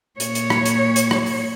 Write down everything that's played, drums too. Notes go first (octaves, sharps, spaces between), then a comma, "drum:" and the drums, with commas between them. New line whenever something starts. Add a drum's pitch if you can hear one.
A#2 C#5, drum: hi-hat
drum: hi-hat
drum: rim click
drum: hi-hat
drum: hi-hat
drum: rim click
drum: open hi-hat